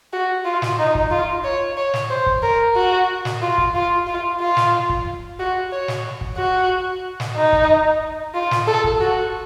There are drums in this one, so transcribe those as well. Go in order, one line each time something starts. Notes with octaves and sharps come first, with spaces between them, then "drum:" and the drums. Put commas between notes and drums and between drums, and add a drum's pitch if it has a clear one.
F#4
F4
drum: snare
D#4
drum: kick
F4
C#5
C#5
drum: snare
C5
drum: kick
A#4
F#4
drum: snare
F4
drum: kick
F4
F4
F4
drum: snare
drum: kick
F#4
C#5
drum: snare
drum: kick
F#4
drum: snare
D#4
drum: kick
F4
drum: snare
A4
drum: kick
F#4